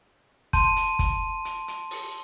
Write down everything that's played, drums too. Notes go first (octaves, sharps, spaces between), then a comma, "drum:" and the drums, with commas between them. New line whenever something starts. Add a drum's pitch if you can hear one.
A5 C6 G6 D#7, drum: kick, hi-hat
drum: hi-hat
drum: kick, hi-hat
drum: hi-hat
drum: hi-hat
drum: open hi-hat